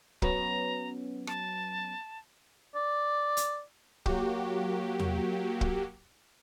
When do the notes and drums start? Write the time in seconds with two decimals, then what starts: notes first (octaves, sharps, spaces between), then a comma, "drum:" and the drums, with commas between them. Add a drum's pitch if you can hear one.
0.22 F#3 B3 C#4 A#5, drum: kick
1.27 A5, drum: rim click
2.75 D5
3.37 drum: hi-hat
4.06 F#3 A#3 F#4 G4, drum: kick
4.99 drum: tom E2
5.61 drum: kick